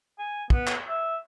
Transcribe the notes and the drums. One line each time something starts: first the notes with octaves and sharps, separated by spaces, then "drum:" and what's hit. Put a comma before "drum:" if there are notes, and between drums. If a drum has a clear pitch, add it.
G#5
B3, drum: kick
drum: clap
E5